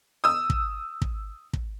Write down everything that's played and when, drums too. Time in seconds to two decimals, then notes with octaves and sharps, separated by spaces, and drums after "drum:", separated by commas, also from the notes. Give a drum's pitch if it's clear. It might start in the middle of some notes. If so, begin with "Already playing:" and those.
0.24 D#6 E6
0.50 drum: kick
1.02 drum: kick
1.53 drum: kick